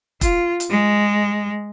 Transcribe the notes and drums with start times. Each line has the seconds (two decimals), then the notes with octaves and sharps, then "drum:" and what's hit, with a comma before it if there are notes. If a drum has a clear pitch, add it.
0.21 F4, drum: kick E1, hi-hat
0.60 drum: hi-hat
0.70 G#3